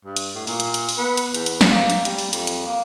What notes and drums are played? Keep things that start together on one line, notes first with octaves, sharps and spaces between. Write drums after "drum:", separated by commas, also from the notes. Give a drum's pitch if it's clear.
G2
drum: hi-hat
A2
A#2, drum: open hi-hat
drum: hi-hat
drum: hi-hat
drum: open hi-hat
B3
drum: hi-hat
E2, drum: hi-hat
drum: hi-hat
drum: snare
A#3
drum: hi-hat
G3, drum: hi-hat
drum: open hi-hat
F2, drum: hi-hat
drum: hi-hat
A#3